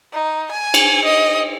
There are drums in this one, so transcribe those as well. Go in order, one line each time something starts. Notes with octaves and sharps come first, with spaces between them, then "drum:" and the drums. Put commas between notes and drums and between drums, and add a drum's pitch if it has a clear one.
D#4
G#5
drum: cymbal
D#5